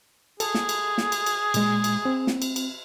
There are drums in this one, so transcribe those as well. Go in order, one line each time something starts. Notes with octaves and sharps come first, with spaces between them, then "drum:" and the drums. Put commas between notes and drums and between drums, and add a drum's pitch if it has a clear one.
G#4 A4, drum: cymbal
drum: snare
drum: cymbal
drum: snare
drum: cymbal
drum: cymbal
A#2 G#3, drum: cymbal
drum: cymbal
C4
drum: snare
drum: cymbal
drum: cymbal